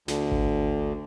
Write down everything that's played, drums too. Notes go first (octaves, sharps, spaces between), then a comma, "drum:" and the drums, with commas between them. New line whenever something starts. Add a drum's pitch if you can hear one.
D2, drum: snare
drum: kick G#1